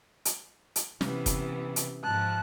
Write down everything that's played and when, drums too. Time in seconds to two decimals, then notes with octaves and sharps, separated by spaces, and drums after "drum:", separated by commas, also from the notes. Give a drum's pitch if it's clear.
0.25 drum: hi-hat
0.76 drum: hi-hat
1.01 C3 E3 B3 C#4, drum: snare
1.26 drum: kick, hi-hat
1.76 drum: hi-hat
2.04 G#2 F3 A5 F#6